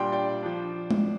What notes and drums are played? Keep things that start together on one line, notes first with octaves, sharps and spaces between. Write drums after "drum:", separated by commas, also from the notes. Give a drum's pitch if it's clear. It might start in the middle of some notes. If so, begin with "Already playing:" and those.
Already playing: A#2 G3 D4 G5 C6
D5 G5
F3 D4
drum: tom G#3